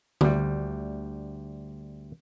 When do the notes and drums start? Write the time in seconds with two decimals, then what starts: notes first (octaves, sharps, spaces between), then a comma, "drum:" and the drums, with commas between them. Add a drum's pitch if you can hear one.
0.21 D2 G3, drum: tom D3